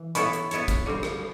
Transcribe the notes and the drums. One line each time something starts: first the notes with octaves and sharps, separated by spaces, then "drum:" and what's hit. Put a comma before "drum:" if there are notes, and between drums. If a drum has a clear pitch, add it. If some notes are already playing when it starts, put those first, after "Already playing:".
Already playing: E3
B3 E4 A4 C#5 B5 C#6, drum: hi-hat
drum: hi-hat
B3 E4 A4 C#5, drum: hi-hat
drum: kick, hi-hat
D3 G3 C4
drum: rim click